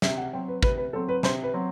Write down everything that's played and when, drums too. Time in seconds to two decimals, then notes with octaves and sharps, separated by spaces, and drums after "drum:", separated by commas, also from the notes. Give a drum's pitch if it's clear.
0.02 C3 E5, drum: snare
0.18 F#5
0.33 F#3 C4 G5
0.48 B4
0.63 C3 B4, drum: kick
0.78 B4
0.93 F#3 C4 A4
1.09 B4
1.23 C3 C5, drum: snare
1.43 B4
1.54 F#3 C4